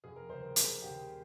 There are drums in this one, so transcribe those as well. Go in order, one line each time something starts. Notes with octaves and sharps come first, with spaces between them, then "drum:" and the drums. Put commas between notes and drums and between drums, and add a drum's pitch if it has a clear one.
F1 G#4
A#4
D#2 C#3 G3 C5
A#4
F1 G#4, drum: hi-hat
D#2 C#3 G3 G4